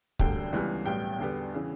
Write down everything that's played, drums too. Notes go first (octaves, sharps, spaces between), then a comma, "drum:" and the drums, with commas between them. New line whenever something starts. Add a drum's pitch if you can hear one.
E1 D2 D3 G3 G5, drum: kick
C#2 C#3 E3 G3 B3
B1 A2 G3 B3 G5
E2 D3 G3 B3
C#3 E3